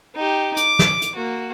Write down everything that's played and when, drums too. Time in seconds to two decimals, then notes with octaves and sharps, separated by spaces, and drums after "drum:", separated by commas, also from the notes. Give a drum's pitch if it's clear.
0.15 D#4 G4
0.57 D6, drum: hi-hat
0.79 drum: snare
1.02 drum: hi-hat
1.16 A#3 F#4